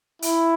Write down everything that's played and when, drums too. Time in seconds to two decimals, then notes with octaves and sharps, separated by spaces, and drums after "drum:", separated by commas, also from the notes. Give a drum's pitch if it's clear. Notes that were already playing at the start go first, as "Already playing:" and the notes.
0.22 E4, drum: hi-hat